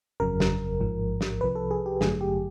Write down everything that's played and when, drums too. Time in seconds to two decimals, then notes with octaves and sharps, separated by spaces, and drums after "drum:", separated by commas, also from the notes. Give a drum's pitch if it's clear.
0.20 G1 F2 C#3 F#3 A#4
0.40 drum: snare
0.80 A1 G#2 F3
1.21 drum: snare
1.41 C2 C3 F3 B4
1.55 A4
1.71 G#4
1.86 G4
2.01 A1 G2 D3 F#3 A3 G#4, drum: snare
2.21 G4